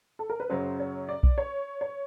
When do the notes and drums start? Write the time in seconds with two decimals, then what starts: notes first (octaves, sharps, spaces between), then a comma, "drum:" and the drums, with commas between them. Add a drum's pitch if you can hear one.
0.19 A4
0.30 A#4
0.40 B4
0.50 F#2 C#3 F#3 C5
0.79 C#5
1.09 D5
1.23 drum: kick B1
1.38 C#5
1.81 C#5